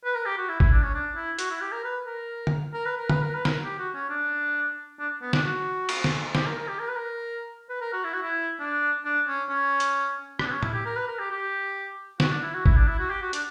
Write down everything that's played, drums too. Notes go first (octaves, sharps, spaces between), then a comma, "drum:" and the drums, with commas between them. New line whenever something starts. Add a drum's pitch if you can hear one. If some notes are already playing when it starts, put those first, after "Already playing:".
B4
A#4
G4
F#4
E4
E4, drum: kick
D4
C#4
D4
E4
F#4, drum: hi-hat
E4
G4
A#4
B4
A#4
drum: tom D3
A#4
B4
A#4
B4, drum: tom D3
A#4
B4
A#4, drum: snare
G4
F#4
C#4
D4
D4
B3
D4, drum: snare
F#4
drum: cymbal
drum: snare
G4, drum: snare
A#4
A#4
G4
A#4
B4
A#4
B4
A#4
F#4
E4
F#4
E4
D4
D4
C#4
C#4
drum: hi-hat
D4, drum: rim click
B3
C#4
E4, drum: tom A2
G4
A#4
B4
A#4
G4
G4
F#4, drum: snare
D4
E4
F#4
E4, drum: kick
D4
E4
F#4
G4
F#4
D4, drum: hi-hat